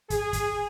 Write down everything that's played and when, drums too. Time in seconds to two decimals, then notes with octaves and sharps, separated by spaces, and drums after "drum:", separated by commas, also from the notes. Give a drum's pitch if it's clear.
0.10 G#4, drum: kick, hi-hat
0.33 drum: kick, hi-hat